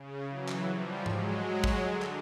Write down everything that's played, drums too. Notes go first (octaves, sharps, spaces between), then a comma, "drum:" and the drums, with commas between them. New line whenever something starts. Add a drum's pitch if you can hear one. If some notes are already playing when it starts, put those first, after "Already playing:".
Already playing: C#3
E3 F#3
drum: clap
F3 G3
F#3 G#3, drum: tom G#2
F#3 G#3
drum: kick
D3
drum: clap